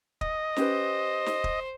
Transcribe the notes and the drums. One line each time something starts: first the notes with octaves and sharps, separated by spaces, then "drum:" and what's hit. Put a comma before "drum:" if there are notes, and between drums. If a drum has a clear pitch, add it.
D#5, drum: kick
C#4 G4 B4 C5, drum: snare
drum: snare
drum: kick